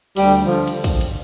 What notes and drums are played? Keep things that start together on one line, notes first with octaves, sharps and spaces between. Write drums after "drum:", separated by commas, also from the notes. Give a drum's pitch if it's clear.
D2 G3, drum: cymbal
D3 F3
drum: cymbal
drum: kick, cymbal
drum: cymbal